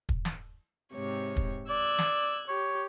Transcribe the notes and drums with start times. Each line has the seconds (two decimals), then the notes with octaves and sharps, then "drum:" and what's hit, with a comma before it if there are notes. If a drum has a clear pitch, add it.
0.09 drum: kick
0.25 drum: snare
0.94 G#2 C3 C#5
1.36 drum: kick
1.69 D5 E6 F#6 G#6
1.98 drum: snare
2.48 G4 C#5